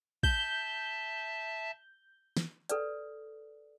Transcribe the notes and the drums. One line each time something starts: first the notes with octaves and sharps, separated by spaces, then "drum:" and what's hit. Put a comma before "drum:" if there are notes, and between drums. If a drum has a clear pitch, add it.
E5 A5 G6 G7, drum: kick
drum: snare
A4 B4 D5, drum: hi-hat